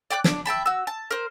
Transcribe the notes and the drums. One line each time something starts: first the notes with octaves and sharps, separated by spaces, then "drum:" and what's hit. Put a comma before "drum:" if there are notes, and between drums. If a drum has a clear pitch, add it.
D5 G5 D6 F#6
D4, drum: snare
E5 G5 A5 B5
F#4 E6
A5
A#4 C5